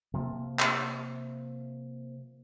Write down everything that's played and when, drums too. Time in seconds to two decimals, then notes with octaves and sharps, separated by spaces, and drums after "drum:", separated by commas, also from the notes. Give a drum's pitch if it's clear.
0.14 C3 F3 A#3
0.59 drum: clap